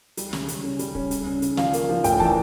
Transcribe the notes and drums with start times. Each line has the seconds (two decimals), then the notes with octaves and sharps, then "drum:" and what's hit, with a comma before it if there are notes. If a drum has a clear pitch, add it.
0.17 G3, drum: hi-hat
0.33 C#3, drum: snare
0.48 C#3, drum: hi-hat
0.64 C#4
0.79 G3, drum: hi-hat
0.95 C#4, drum: kick
1.11 C#3, drum: hi-hat
1.27 C#4
1.42 C#3, drum: hi-hat
1.57 F3 F5, drum: snare
1.73 A#3, drum: hi-hat
1.89 F3
2.04 A2 G5, drum: hi-hat
2.20 E3 A5, drum: kick